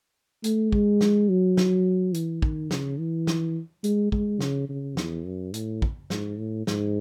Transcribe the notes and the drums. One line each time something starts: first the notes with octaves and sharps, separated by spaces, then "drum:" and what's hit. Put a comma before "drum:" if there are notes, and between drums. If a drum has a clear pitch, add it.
A3, drum: hi-hat
G#3, drum: kick
drum: snare
F#3
drum: snare
E3, drum: hi-hat
D#3, drum: kick
C#3, drum: snare
E3
drum: snare
G#3, drum: hi-hat
G#3, drum: kick
C#3, drum: snare
C#3
E2, drum: snare
F#2
A2, drum: hi-hat
drum: kick
G#2, drum: snare
A2
G#2, drum: snare